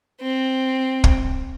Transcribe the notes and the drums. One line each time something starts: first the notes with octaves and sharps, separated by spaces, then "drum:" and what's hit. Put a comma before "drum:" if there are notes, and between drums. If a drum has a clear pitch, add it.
C4
drum: kick